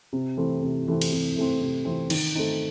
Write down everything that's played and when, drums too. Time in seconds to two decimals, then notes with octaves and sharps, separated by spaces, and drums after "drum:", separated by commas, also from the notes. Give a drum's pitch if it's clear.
0.13 C3
0.37 E3 A3 C4
0.63 C3
0.88 E3 A3 C4
1.01 drum: cymbal
1.12 C3
1.36 E3 A3 C4
1.61 C3
1.85 E3 A3 C4
2.10 D#3, drum: cymbal
2.35 A3 C4 D#4